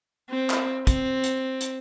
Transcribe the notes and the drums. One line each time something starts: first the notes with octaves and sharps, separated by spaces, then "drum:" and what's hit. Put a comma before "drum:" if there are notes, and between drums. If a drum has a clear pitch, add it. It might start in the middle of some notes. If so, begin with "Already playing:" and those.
C4
drum: clap
C4, drum: kick, hi-hat
drum: hi-hat
drum: hi-hat